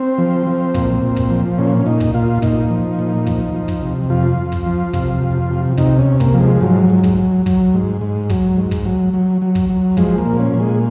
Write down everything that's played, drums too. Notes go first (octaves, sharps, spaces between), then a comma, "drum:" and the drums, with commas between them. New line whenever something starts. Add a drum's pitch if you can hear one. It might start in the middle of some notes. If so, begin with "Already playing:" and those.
Already playing: C4
F3
F3
A#2, drum: kick
A#2
drum: kick
F3
A#2 C#4
C#4
A#2 D#4
drum: kick
A#2 F4
A#2 D#4, drum: kick
F3
A#2
F3, drum: kick
F3
drum: kick
C3
F2 F4
F2
drum: kick
F3
C3, drum: kick
F2
C3
C3 D#4, drum: kick
C#4
C3
A#3, drum: kick
F3
G#3
G#2 F#3
G#2
drum: kick
F#3
F#3, drum: kick
G#2
G#2
F#3, drum: kick
G#2
drum: kick
F#3
F#3
F#3
drum: kick
F#3
F3 G#3, drum: kick
A#3
A#2
C#4
A#2
G#3